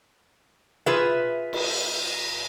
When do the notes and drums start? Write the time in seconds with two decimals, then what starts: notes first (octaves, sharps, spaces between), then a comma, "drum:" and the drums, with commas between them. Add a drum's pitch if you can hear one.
0.86 F4 G#4 B4 E5, drum: tom
1.53 drum: cymbal